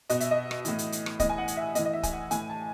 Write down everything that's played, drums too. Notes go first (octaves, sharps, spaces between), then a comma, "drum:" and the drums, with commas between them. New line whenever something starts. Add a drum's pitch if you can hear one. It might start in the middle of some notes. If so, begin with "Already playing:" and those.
B2 D#5, drum: hi-hat
E5, drum: hi-hat
D#5
drum: rim click
A2 E3, drum: hi-hat
drum: hi-hat
drum: hi-hat
drum: rim click
A2 E3 D#5, drum: kick, hi-hat
G#5
F#5
drum: hi-hat
E5
A2 E3 D#5, drum: hi-hat
D#5
E5
G#5, drum: kick, hi-hat
F#5
A2 E3 G#5, drum: hi-hat
A5